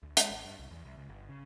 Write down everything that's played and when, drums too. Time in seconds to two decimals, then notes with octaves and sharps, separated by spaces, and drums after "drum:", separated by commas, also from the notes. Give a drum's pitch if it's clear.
0.03 D2
0.17 G#3, drum: hi-hat
0.30 A1
0.45 G2
0.59 C2
0.71 E2
0.85 C2
0.97 C#2
1.09 G1
1.29 C#3